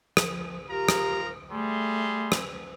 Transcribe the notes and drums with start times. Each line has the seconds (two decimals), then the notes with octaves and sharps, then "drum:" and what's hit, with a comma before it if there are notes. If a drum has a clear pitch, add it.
0.17 F3, drum: rim click
0.70 F4 G4 A#4 A#5
0.89 drum: rim click
1.51 G3 A3 G#4 C6
2.32 drum: rim click